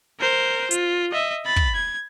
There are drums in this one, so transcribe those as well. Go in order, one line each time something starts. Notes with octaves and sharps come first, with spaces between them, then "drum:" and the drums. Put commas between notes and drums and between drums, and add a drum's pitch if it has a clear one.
A#4 C5
F4, drum: hi-hat
D#5 E5
B5 A6
drum: kick
G#6